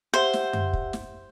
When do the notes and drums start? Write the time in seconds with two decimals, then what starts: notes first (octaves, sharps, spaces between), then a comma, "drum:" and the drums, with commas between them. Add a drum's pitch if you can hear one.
0.14 G4 C5 E5 F#5
0.33 drum: snare
0.53 drum: tom F#2
0.73 drum: kick
0.93 drum: snare